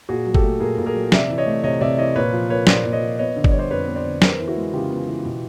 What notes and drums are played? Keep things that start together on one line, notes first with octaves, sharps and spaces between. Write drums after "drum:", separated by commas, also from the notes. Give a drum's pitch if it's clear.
A#2 F#4 G#4
F#3
G4 A4, drum: kick G1
A3
A#2 G#4 A#4
A#2
G#4 A#4
F#3
C3 D5 E5, drum: snare
E3
C#5 D#5
A3
C3 C#5 D#5
C3 D5 E5
E3 C#5 D#5
A#2 B4 C#5
F3
A#3 B4 C#5
A#2 C5 D5, drum: snare
A#2
C#5 D#5
F3
B3 C#5 D#5
D3
D5, drum: kick G1
G3 C#5
C5 D5
F2 B4 C#5
B3
C5 D5
D3
B3 A#4 C5, drum: snare
E3
E4 F#4
G#3
C#3 F4 G4
B3
E3
B2